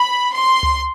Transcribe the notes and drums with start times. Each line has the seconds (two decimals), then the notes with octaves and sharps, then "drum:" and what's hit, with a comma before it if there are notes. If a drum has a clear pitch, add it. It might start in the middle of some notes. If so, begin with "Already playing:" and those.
Already playing: B5
0.34 C6
0.63 drum: tom C#2